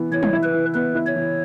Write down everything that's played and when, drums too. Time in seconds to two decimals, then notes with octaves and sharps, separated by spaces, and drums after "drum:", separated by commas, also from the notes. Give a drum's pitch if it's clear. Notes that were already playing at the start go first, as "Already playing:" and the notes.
Already playing: E3 B3
0.11 E3 C#5
0.23 drum: tom
0.33 E4
0.44 B4
0.54 E3
0.74 B3 B4
0.95 E4
1.06 C#5
1.16 E3